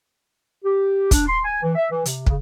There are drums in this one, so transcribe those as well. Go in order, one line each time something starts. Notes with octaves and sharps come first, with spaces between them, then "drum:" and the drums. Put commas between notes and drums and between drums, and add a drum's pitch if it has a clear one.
G4
D4, drum: kick, hi-hat
C6
G#5
E3
E5
E3
C3, drum: hi-hat
C#3, drum: kick